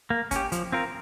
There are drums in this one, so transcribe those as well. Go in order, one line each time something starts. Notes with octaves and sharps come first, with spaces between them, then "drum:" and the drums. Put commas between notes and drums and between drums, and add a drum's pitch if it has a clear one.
A#3
C#4 G4, drum: kick, hi-hat
F3, drum: hi-hat
C4 F4 A#4